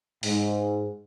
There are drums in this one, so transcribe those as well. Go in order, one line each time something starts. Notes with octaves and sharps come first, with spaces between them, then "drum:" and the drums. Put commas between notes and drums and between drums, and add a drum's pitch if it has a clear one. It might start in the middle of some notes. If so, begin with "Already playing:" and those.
G#2, drum: open hi-hat